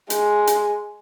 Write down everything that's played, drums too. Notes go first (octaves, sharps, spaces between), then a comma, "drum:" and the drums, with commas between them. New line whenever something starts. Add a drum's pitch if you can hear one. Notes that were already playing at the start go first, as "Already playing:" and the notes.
G#3, drum: hi-hat
drum: hi-hat